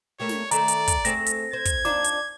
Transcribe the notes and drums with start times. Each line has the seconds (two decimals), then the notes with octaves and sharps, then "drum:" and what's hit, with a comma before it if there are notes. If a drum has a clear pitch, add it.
0.20 G3 A3 A#3 C#5
0.29 drum: snare
0.51 D#3 A3 D5 A#5, drum: hi-hat
0.68 drum: hi-hat
0.88 drum: kick, hi-hat
1.05 A3 C4 G#4 A#6, drum: hi-hat
1.26 drum: hi-hat
1.53 C5 G#6
1.65 drum: kick, hi-hat
1.85 D4 D#4 F4 D6, drum: snare
2.04 drum: hi-hat